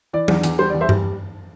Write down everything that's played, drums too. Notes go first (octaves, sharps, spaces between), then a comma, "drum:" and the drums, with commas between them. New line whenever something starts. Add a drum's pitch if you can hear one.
E3 D5
E2, drum: tom F#3
E2, drum: hi-hat
G3 C5
D5
E2
C5 E5
G3, drum: tom G2